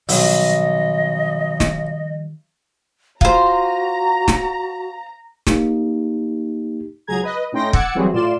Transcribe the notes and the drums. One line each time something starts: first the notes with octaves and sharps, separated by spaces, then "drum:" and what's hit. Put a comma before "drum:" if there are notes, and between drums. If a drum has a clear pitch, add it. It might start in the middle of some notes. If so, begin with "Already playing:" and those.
B1 D#3 F3 G3 D#5, drum: open hi-hat
drum: snare
F4 F#4 C5 A#5, drum: kick
drum: snare
A#3 D#4 G4, drum: snare
C#2 F#3 G#4 A#5 G#6
B4 D#5
A2 C#4 D#4 G5 C6 A#6
F#5 D6 E6 G#6 A6 C#7, drum: kick
E3 F#3 G3 C4 F#4 G#4
A2 F4 D5 C6 E7